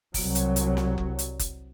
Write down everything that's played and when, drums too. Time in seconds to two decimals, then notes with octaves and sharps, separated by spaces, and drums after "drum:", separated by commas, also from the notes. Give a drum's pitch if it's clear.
0.14 C2 F#3, drum: kick F#1, open hi-hat
0.35 drum: hi-hat
0.56 drum: hi-hat
0.77 drum: snare
0.98 drum: kick F#1
1.19 drum: hi-hat
1.39 drum: kick F#1, hi-hat